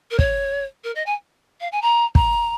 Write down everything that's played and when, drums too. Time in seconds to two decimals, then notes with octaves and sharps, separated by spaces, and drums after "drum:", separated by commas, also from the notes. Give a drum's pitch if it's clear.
0.11 A#4
0.19 C#5, drum: kick
0.84 A#4
0.95 D#5
1.06 G#5
1.60 F5
1.72 G#5
1.82 A#5
2.15 A#5, drum: kick